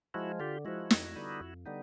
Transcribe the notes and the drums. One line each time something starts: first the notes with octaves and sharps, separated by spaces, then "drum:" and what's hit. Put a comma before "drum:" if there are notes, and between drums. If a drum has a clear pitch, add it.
F3 G#3 E4 F#4
D3 F4 G4
F3 G#3 E4 F#4
F2, drum: snare
D3 G3 B3 D#4
F2
D3 G3 B3 D#4